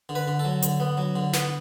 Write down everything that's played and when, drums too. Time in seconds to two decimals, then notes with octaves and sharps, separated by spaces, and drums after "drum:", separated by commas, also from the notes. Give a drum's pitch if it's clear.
0.09 D3
0.15 B4
0.28 D3
0.39 F#3 A4
0.62 D3, drum: hi-hat
0.80 B3
0.97 F#3
1.16 D3
1.33 B3, drum: snare